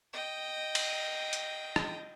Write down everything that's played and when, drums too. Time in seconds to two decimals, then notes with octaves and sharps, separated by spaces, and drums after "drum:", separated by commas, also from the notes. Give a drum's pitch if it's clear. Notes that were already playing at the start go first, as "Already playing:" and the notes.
0.13 D#5 G5
0.75 drum: cymbal
1.33 drum: hi-hat
1.76 drum: rim click